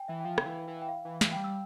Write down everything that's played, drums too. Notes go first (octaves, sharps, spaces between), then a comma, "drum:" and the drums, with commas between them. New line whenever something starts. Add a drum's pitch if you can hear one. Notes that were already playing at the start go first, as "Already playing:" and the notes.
Already playing: G5 G#5
E3 E5
G5
F3 F5
C#3, drum: rim click
E3
E3
G5
F5
E3
E3, drum: snare
G3 G5
E6